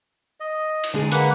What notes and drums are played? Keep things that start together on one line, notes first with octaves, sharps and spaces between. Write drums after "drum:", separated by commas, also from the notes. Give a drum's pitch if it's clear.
D#5
drum: cymbal
D3 G#3 G#4
A#3 B4 F#5, drum: hi-hat